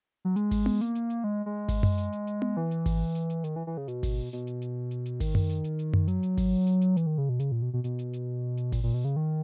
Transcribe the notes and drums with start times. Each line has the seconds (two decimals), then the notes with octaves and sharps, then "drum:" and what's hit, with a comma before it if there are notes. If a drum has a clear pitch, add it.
0.25 F#3
0.36 G#3, drum: hi-hat
0.51 drum: kick G#1, open hi-hat
0.66 drum: tom B3
0.81 A#3, drum: hi-hat
0.95 drum: hi-hat
1.10 drum: hi-hat
1.24 G#3
1.46 G#3
1.69 drum: kick G#1, open hi-hat
1.83 drum: tom F#2
1.98 drum: hi-hat
2.12 drum: hi-hat
2.27 drum: hi-hat
2.42 drum: tom B3
2.57 E3
2.71 drum: hi-hat
2.86 drum: kick G#1, open hi-hat
3.15 drum: hi-hat
3.30 drum: hi-hat
3.44 D#3, drum: hi-hat
3.56 E3
3.67 E3
3.77 C#3
3.88 B2, drum: hi-hat
4.03 drum: kick G#1, open hi-hat
4.33 B2, drum: hi-hat
4.47 drum: hi-hat
4.62 drum: hi-hat
4.91 drum: hi-hat
5.06 drum: hi-hat
5.20 D#3, drum: kick G#1, open hi-hat
5.35 drum: tom F#2
5.50 drum: hi-hat
5.64 drum: hi-hat
5.79 drum: hi-hat
5.94 drum: tom F#2
6.08 F#3, drum: hi-hat
6.23 drum: hi-hat
6.37 drum: kick G#1, open hi-hat
6.67 drum: hi-hat
6.81 drum: hi-hat
6.97 E3, drum: hi-hat
7.07 D#3
7.18 C#3
7.29 B2
7.40 C#3, drum: hi-hat
7.52 A#2
7.62 B2
7.74 B2
7.84 B2, drum: hi-hat
7.99 drum: hi-hat
8.13 drum: hi-hat
8.57 drum: hi-hat
8.72 A#2, drum: kick G#1, open hi-hat
8.84 A#2
8.94 B2
9.05 C#3
9.16 D#3